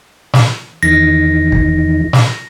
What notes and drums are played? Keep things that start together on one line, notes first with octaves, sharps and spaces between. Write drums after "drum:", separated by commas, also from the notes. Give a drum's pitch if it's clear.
drum: snare
E2 D#3 A#6
drum: kick
drum: snare